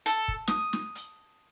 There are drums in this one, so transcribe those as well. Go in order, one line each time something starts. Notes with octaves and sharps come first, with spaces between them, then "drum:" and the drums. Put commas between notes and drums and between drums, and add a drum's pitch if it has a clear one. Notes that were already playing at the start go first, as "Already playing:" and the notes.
A4, drum: hi-hat
drum: kick
D#6, drum: snare
drum: snare
drum: hi-hat